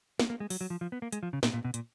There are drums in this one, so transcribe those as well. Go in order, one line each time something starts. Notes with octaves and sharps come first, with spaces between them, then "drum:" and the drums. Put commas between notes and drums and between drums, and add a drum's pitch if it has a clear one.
A#3, drum: snare
A#3
G#3
F#3, drum: open hi-hat
F#3
F3
F3
B3
A#3
G#3, drum: hi-hat
F3
C#3
A#2, drum: snare
A#2
B2
A#2, drum: hi-hat